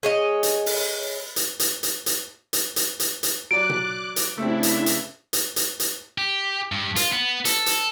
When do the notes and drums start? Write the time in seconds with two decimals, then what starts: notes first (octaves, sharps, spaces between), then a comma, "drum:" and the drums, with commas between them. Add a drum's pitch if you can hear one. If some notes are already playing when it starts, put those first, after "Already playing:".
0.03 G#4 C#5 D#5
0.43 drum: hi-hat
0.66 drum: open hi-hat
1.36 drum: hi-hat
1.60 drum: hi-hat
1.83 drum: hi-hat
2.06 drum: hi-hat
2.53 drum: hi-hat
2.76 drum: hi-hat
3.00 drum: hi-hat
3.23 drum: hi-hat
3.51 F#3 D5 D6 F#6 D7
3.70 drum: tom B2
4.16 drum: hi-hat
4.38 C#3 A3 C4 D4 E4 E5
4.63 drum: hi-hat
4.86 drum: hi-hat
5.33 drum: hi-hat
5.56 drum: hi-hat
5.80 drum: hi-hat
6.18 G4
6.72 G2
6.96 F4, drum: hi-hat
7.12 B3
7.45 A4, drum: hi-hat
7.66 drum: hi-hat